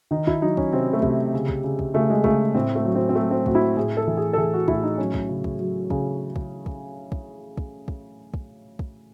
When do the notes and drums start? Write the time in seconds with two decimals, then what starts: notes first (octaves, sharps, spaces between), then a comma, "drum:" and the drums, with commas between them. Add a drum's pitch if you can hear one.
0.11 D#3 D#4
0.27 E4, drum: kick
0.42 F#3 D#4
0.57 C#4, drum: kick
0.72 C3 C4
0.93 A3
1.02 C3, drum: kick
1.34 C#3
1.48 drum: kick
1.64 C#3
1.79 drum: kick
1.94 C#3 A3
2.10 G#3
2.24 C#3 A3, drum: kick
2.55 A2 C4
2.75 A3
2.85 F#3
2.95 C4
3.09 C4
3.15 F#3 A3
3.31 C4
3.46 A2 F#4, drum: kick
3.55 E4
3.61 F#4
3.76 A2 G#4
3.97 A4
4.07 E3
4.17 G#4
4.33 A4
4.38 E3 G#4
4.54 F#4
4.68 A2 E4, drum: kick
4.83 D#4
4.98 F#3 C#4
5.14 drum: kick
5.29 C#3
5.44 drum: kick
5.59 F#3
5.90 C#3, drum: kick
6.36 drum: kick
6.66 drum: kick
7.12 drum: kick
7.57 drum: kick
7.88 drum: kick
8.34 drum: kick
8.79 drum: kick